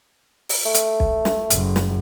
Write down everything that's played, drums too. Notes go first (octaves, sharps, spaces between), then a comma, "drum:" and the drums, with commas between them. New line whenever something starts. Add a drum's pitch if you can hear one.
drum: open hi-hat
A3
drum: hi-hat
drum: kick
drum: snare
F#1, drum: hi-hat
drum: snare